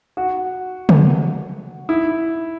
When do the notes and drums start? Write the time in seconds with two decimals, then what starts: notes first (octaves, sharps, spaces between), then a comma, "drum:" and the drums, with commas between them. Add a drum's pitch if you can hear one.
0.17 F#4
0.89 drum: tom
1.89 E4